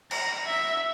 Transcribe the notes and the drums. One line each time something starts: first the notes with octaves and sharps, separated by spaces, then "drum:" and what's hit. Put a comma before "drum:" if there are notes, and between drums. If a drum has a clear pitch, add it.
A#5, drum: cymbal
E5